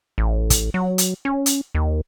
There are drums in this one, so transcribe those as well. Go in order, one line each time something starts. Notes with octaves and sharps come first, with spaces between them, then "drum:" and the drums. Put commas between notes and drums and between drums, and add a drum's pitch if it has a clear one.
A1
drum: kick, hi-hat
F#3
drum: hi-hat
C#4
drum: hi-hat
D#2